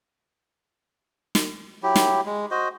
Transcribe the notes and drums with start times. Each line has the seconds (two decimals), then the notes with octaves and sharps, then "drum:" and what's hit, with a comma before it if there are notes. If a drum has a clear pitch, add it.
1.35 drum: snare
1.83 F#3 E4 G4
1.96 drum: snare
2.26 G#3
2.51 F#4 C5 D#5